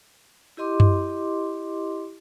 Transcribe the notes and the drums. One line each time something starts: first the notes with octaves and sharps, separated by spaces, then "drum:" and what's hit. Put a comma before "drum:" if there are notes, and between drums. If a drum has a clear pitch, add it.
E4 G4 D#5 C6 D6
drum: tom F#2